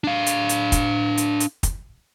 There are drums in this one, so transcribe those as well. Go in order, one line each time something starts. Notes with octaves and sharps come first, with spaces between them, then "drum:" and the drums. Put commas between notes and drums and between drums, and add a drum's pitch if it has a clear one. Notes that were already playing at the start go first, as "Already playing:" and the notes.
D4 F5
drum: hi-hat
drum: hi-hat
drum: kick, hi-hat
drum: hi-hat
drum: hi-hat
drum: kick, hi-hat